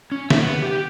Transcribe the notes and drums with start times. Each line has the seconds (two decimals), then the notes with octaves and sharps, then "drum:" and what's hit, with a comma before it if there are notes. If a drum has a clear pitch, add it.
0.12 C#4
0.30 E5, drum: snare
0.42 B3
0.62 G4